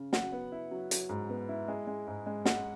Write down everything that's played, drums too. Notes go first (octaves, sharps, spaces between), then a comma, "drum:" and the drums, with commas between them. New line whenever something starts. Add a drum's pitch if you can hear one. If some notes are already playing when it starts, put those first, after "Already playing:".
Already playing: C#3
F#3 F#5, drum: snare
B3
E4
F#3
F#3, drum: hi-hat
G#2
B3
E4
G#3
G#3
G#2
G#3
G#3 F#5, drum: snare